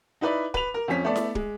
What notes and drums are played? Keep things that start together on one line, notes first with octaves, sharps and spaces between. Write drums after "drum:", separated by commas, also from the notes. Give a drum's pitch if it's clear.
D#4 E4 B4 D5
B4 F7, drum: kick
A#4
F2 F3 C#4 B6
A3 B3 A4 D5
drum: snare E4
G#3, drum: kick